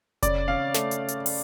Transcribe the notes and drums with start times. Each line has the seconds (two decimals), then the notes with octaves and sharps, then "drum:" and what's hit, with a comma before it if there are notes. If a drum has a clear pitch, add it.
0.23 C#3 D5, drum: kick F1, hi-hat
0.48 C#4 F5
0.74 A3, drum: snare
0.91 drum: hi-hat
1.08 drum: hi-hat
1.26 drum: open hi-hat